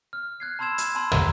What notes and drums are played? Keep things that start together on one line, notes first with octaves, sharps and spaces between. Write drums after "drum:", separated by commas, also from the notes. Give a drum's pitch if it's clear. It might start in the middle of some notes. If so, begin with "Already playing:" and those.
F6
F#6 G#6 C7
A5 B5 C6 E6 G#6 E7
drum: hi-hat
G#5 A5 B5 C6 E6
A#5, drum: tom